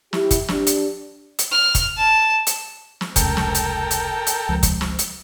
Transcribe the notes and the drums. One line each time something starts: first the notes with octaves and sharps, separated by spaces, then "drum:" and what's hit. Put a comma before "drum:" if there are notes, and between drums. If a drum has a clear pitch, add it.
E4 G4, drum: snare
drum: kick F#1, hi-hat
D4 G4, drum: snare
drum: hi-hat
drum: hi-hat
F6
drum: kick F#1, hi-hat
A5
drum: hi-hat
drum: snare
F1 C#2 A4 A#4 G5, drum: kick F#1, hi-hat
drum: snare
drum: hi-hat
drum: hi-hat
drum: hi-hat
C#2 F3
drum: kick F#1, hi-hat
drum: snare
drum: hi-hat